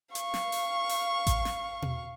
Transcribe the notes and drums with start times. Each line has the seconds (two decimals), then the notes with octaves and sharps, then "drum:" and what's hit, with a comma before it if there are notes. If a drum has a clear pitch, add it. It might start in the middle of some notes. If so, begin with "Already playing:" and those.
0.15 F5 C#6, drum: hi-hat
0.34 drum: snare
0.52 drum: open hi-hat
0.89 drum: open hi-hat
1.27 drum: kick A1, hi-hat
1.45 drum: snare
1.82 drum: tom